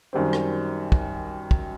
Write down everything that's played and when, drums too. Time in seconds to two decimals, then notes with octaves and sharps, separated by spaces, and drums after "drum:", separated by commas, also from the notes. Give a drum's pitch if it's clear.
0.13 F#2 D#3 G3 C4
0.33 drum: rim click
0.92 drum: kick
1.51 drum: kick